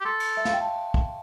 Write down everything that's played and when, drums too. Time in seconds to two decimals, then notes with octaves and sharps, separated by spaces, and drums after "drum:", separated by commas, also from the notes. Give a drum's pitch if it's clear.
0.01 G4
0.05 A4 C6
0.20 drum: cymbal
0.37 E5
0.45 F5, drum: snare
0.53 G5
0.61 A5
0.94 drum: kick